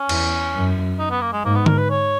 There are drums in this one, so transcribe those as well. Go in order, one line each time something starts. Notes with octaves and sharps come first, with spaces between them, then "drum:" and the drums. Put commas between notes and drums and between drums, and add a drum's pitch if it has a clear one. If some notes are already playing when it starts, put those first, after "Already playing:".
Already playing: C#4
E2, drum: cymbal
F#2
D#4
B3
A#3
G#3
G#2 A#3
B3
A#4, drum: tom D3
B4
C#5